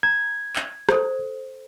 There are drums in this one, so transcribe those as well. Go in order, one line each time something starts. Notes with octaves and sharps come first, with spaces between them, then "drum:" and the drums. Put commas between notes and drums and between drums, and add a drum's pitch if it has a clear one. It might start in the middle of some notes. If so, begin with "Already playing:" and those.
A#5 G#6
drum: clap
A4 C5, drum: rim click